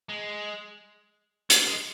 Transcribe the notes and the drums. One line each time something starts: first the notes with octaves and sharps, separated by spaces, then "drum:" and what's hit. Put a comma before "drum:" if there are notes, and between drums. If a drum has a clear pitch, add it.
G#3
A#3, drum: hi-hat
G#3